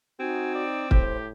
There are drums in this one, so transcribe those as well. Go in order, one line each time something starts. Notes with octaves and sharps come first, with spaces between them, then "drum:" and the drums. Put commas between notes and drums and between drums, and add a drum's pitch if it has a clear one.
C4 D#4 F#4 G#5
D5
A2 G4 C5, drum: kick